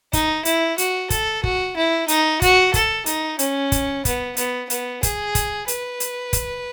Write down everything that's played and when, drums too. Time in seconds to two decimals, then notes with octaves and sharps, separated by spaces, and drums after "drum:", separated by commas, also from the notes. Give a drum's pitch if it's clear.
0.13 D#4, drum: kick, hi-hat
0.45 E4, drum: hi-hat
0.78 F#4, drum: hi-hat
1.10 A4, drum: kick, hi-hat
1.44 F#4, drum: kick
1.76 E4
2.08 D#4, drum: hi-hat
2.42 F#4, drum: kick, hi-hat
2.74 A4, drum: kick, hi-hat
3.06 D#4, drum: hi-hat
3.39 C#4, drum: hi-hat
3.72 drum: kick, hi-hat
4.05 B3, drum: kick, hi-hat
4.37 B3, drum: hi-hat
4.70 B3, drum: hi-hat
5.03 G#4, drum: kick, hi-hat
5.35 drum: kick, hi-hat
5.68 B4, drum: hi-hat
6.00 drum: hi-hat
6.33 drum: kick, hi-hat